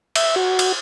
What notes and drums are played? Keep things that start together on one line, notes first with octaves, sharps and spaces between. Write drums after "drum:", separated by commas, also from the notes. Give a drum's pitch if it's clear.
E5, drum: cymbal
F#4
drum: cymbal